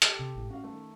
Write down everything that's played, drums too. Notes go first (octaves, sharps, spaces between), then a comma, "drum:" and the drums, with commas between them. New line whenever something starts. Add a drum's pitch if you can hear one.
G4 A4 G5, drum: hi-hat
C3
G#1 A2
C#4 F#4 F5
D#3 A3